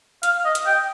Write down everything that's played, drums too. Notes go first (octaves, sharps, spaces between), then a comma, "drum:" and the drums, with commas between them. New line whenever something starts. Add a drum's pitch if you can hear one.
F5, drum: hi-hat
D#5
drum: hi-hat
G5